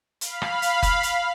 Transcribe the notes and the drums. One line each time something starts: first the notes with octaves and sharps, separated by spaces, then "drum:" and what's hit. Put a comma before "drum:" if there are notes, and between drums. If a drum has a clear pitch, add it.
F5 B5, drum: hi-hat
drum: rim click
drum: hi-hat
drum: kick F#1, hi-hat
drum: hi-hat